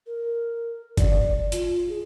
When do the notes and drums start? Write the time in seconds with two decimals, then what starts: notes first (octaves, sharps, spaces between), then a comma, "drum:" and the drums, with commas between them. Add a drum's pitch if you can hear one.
0.07 A#4
0.97 D5, drum: kick F#1, hi-hat
1.52 F4, drum: hi-hat
1.89 G#4